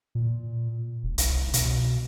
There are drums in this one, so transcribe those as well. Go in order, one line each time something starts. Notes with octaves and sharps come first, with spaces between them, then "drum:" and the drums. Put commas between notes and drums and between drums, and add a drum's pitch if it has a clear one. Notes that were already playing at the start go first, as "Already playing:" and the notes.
A#2
E1
C2, drum: hi-hat
B2, drum: hi-hat